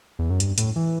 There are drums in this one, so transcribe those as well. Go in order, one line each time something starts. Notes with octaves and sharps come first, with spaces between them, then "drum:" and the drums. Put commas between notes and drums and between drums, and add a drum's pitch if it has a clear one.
E2
F#2
G2, drum: hi-hat
A2, drum: hi-hat
E3